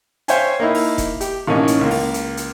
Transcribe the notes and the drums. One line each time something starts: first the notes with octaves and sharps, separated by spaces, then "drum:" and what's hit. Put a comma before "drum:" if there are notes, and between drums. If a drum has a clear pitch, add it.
C5 C#5 E5 F5 G5 G#5, drum: hi-hat
A#3 D#4 E4
drum: open hi-hat
drum: kick F1, hi-hat
G4, drum: hi-hat
A1 D#3 A#3 C#4 D#5
drum: hi-hat
C#2 A#3
drum: open hi-hat
drum: hi-hat
drum: hi-hat